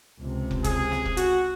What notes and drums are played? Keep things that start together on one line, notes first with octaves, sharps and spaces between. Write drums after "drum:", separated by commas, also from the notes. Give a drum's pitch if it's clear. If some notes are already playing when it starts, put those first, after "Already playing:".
C#2 C3
drum: kick
G#4, drum: kick, hi-hat
drum: snare
drum: kick
F#4, drum: hi-hat